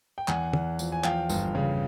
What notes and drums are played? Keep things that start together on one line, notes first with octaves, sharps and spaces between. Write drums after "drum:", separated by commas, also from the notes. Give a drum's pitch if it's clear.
G5
E2 F#5 G#5, drum: clap
E2, drum: tom
F3, drum: tambourine
G#5
F3 F5 G5, drum: clap
G1, drum: tambourine
C#3